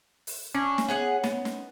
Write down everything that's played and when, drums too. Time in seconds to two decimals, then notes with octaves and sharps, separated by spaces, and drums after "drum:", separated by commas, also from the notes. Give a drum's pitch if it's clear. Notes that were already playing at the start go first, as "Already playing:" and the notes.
0.27 drum: open hi-hat
0.55 C#4 D4
0.78 drum: snare
0.88 B3 G#4 F#5
1.24 B3, drum: snare
1.45 drum: snare